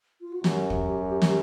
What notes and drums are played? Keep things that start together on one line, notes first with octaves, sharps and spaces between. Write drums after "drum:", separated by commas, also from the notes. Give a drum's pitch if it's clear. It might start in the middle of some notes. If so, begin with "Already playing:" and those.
F4
F#4
F#2 G4, drum: snare
drum: kick
drum: snare